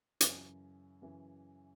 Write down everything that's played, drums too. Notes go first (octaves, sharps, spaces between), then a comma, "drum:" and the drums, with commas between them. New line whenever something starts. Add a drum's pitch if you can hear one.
F#2 C#3 E3, drum: hi-hat
F#2 C#3 E3